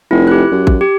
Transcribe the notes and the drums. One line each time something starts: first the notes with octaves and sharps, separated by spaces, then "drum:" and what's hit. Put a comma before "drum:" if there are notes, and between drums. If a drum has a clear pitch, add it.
F1 E4
G4 F#6
F#2
drum: kick A1
G4